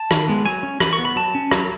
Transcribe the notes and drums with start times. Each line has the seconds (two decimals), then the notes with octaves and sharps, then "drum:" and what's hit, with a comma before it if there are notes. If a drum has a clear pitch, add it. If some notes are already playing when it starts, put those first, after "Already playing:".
Already playing: A5
0.11 D#3, drum: rim click
0.28 G#3 B3
0.45 F#3 G#5
0.63 C#4
0.80 E3 B5, drum: rim click
0.93 C#6
0.99 B3
1.05 B5
1.16 F#3 A5
1.35 C#4
1.51 F#3, drum: rim click